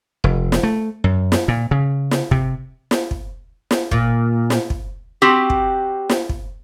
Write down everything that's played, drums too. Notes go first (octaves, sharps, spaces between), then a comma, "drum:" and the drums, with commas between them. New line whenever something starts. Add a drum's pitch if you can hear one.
F1
drum: snare
A3
F#2
drum: snare
A#2
C#3
drum: snare
C3, drum: kick
drum: snare
drum: kick
drum: snare
A#2, drum: kick
drum: snare
drum: kick
C4 F#4 G4
drum: kick
drum: snare
drum: kick